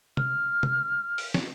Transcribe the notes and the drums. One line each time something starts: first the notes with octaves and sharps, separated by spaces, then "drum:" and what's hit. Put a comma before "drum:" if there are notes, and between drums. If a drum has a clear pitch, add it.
F6, drum: tom
drum: tom
drum: open hi-hat
drum: snare